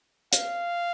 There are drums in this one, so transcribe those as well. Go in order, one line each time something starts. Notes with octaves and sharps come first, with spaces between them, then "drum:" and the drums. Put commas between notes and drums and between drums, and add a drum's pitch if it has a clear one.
F5, drum: hi-hat